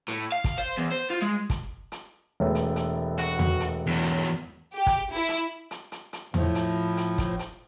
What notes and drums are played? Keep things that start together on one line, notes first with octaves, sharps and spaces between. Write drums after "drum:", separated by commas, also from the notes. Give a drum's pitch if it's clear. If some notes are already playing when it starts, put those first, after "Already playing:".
A2
F5
drum: kick, hi-hat
C5
E2
C5
F4
G#3
drum: kick, hi-hat
drum: hi-hat
E1 A3 B4
drum: hi-hat
drum: hi-hat
F#4, drum: hi-hat
drum: tom E2
drum: hi-hat
E2 F#3
drum: hi-hat
drum: hi-hat
G4
drum: kick, hi-hat
E4
drum: hi-hat
drum: hi-hat
drum: hi-hat
drum: hi-hat
A2 F3, drum: tom E2
drum: hi-hat
drum: hi-hat
drum: kick, hi-hat
drum: hi-hat